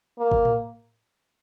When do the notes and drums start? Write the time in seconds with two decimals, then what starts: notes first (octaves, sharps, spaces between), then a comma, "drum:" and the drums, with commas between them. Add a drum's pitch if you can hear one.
0.19 A#3
0.31 drum: kick
0.45 drum: tom A2